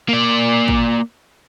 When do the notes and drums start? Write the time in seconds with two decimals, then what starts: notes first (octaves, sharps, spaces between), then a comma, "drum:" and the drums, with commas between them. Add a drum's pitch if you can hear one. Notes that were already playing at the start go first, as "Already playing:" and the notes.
0.09 A#3 D5
0.68 drum: kick